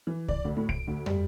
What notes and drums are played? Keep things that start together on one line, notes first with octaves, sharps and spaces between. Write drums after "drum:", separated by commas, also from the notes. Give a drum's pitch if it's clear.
E3
D5, drum: kick C2
D2
A2
D7, drum: kick C2
D2
G3, drum: tom